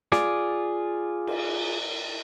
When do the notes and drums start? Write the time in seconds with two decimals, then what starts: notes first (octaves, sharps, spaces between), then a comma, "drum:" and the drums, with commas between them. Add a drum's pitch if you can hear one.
0.12 F4 G#4 D5, drum: snare
1.27 drum: cymbal